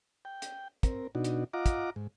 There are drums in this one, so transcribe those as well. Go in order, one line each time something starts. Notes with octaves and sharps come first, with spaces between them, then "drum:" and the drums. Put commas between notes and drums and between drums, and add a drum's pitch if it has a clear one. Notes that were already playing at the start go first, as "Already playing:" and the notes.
G5
drum: hi-hat
C4 A#4, drum: kick, hi-hat
B2 D4 D#4 F#4
drum: hi-hat
F4 D#5 F5 F#5 A#5 D6
drum: kick, hi-hat
G#2